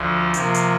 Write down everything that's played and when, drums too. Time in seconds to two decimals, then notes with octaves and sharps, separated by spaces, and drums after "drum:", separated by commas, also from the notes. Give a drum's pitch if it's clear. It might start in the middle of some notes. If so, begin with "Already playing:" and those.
Already playing: D2 D3 F3
0.34 C3 F3 A#3, drum: hi-hat
0.54 drum: hi-hat